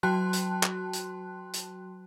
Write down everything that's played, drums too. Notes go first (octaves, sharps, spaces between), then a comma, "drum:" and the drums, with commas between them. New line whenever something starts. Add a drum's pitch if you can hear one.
F#3 F#4 G5 A5 C6 F#6
drum: hi-hat
drum: clap
drum: hi-hat
drum: hi-hat